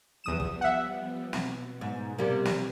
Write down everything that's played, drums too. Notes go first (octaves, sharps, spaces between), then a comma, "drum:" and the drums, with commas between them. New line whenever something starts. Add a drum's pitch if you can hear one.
E2 F3 G3 B3 D#6 E7
drum: kick
E5 F#5
B2, drum: snare
G#2
C3 G3 A#3
drum: snare